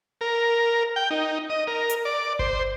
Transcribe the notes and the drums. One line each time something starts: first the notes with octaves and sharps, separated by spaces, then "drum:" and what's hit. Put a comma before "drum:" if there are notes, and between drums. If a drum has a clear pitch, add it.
A#4
G5
D#4
D#5
A#4
drum: hi-hat
D5
C5, drum: kick G1